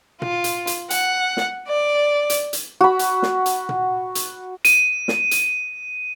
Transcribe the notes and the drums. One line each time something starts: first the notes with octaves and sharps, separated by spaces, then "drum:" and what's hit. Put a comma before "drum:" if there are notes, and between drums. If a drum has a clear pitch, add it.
F4, drum: tom A#2
drum: hi-hat
drum: hi-hat
F#5, drum: hi-hat
drum: snare
D5
drum: hi-hat
drum: hi-hat
F#4 B5
drum: hi-hat
drum: snare
drum: hi-hat
drum: tom A#2
drum: hi-hat
D#7, drum: hi-hat
drum: snare
drum: hi-hat